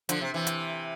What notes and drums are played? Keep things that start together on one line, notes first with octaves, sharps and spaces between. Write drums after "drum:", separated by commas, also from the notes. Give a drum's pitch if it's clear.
D3 F3, drum: hi-hat
C3
C3 E3
drum: hi-hat